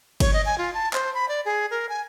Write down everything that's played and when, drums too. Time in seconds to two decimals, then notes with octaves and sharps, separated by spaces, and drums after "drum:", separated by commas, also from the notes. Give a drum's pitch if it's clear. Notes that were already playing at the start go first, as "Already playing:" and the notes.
0.20 C#5, drum: kick G1, cymbal
0.33 D#5
0.45 G#5
0.58 F4
0.74 A5
0.93 C5, drum: clap
1.14 B5
1.28 D5
1.45 G#4
1.71 A#4
1.89 G#5